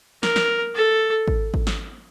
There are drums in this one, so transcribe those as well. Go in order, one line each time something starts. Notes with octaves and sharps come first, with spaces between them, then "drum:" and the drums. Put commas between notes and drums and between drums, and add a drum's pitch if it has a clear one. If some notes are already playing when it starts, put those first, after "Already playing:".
A#4, drum: snare
drum: snare
A4
drum: kick G#1
drum: kick G#1
drum: snare